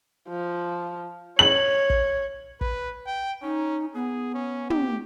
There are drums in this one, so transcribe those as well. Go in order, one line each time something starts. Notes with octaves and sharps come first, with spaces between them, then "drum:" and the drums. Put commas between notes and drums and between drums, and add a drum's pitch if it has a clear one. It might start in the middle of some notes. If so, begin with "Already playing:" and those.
F3
C#5 F#7
drum: kick
B4, drum: kick
G5
C#4 D#4
B3 G#4
C#4
G4, drum: tom